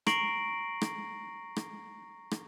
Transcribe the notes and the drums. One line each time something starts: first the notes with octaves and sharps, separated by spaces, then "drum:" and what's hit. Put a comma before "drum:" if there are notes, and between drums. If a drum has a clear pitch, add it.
A#5 C#6 A#6 C7 D7 F#7, drum: rim click
drum: rim click
drum: rim click
drum: rim click